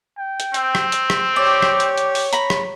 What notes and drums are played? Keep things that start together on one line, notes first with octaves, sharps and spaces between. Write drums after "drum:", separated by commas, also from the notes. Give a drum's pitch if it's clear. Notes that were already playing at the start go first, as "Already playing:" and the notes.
G5
drum: hi-hat
C4, drum: hi-hat
drum: rim click
drum: hi-hat
drum: rim click
G4 C#5 D5
drum: rim click
drum: hi-hat
drum: hi-hat
drum: open hi-hat
A#5 B5, drum: hi-hat
drum: rim click